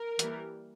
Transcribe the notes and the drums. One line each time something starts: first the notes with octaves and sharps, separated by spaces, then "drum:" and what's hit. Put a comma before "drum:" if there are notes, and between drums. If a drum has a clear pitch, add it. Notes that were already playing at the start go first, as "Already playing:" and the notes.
Already playing: A#4
E3 G3 A#3, drum: hi-hat